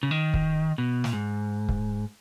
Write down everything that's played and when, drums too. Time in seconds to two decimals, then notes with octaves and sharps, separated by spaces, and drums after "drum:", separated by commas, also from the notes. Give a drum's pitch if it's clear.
0.03 C#3
0.11 D#3
0.34 drum: kick
0.78 B2
1.04 A#2, drum: snare
1.13 G#2
1.69 drum: kick